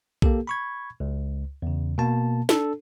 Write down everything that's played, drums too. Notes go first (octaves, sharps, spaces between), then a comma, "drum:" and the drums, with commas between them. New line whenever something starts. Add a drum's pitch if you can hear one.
A#3 G4 A4, drum: kick B1
B5 C#6 G#6
C#2
E2 C#3
B2 A#3 A5
D4 A4, drum: snare